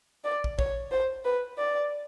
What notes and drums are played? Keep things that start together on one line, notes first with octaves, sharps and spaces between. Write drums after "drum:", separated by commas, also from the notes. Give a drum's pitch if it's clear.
D5
drum: kick
C#5, drum: kick
C5
B4
D5